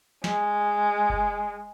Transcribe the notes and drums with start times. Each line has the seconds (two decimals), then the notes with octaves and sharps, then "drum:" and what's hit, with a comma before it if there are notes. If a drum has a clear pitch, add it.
0.24 G#3, drum: snare
1.10 drum: kick F#1